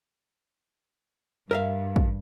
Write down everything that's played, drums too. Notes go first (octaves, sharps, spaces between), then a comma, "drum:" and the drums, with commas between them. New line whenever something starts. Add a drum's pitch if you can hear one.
G2 A#4 E5 F5
drum: kick